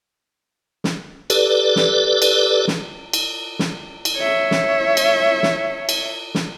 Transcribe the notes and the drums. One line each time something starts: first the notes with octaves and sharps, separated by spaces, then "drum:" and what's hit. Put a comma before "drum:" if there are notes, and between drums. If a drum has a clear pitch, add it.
drum: snare
G4 A4 B4 D5, drum: cymbal
drum: snare
drum: cymbal
drum: snare
drum: cymbal
drum: snare
drum: cymbal
C#5 E5
drum: snare
drum: cymbal
drum: snare
drum: cymbal
drum: snare